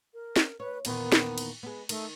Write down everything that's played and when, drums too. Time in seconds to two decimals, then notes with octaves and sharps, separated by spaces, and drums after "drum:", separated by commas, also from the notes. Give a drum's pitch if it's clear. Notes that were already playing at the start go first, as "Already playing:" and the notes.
0.14 A#4
0.36 drum: snare
0.60 B4 C#5
0.85 E2 A#2 D#3 B3, drum: cymbal
1.12 drum: snare
1.38 drum: cymbal
1.63 G#3 B3
1.89 D#3 A3, drum: cymbal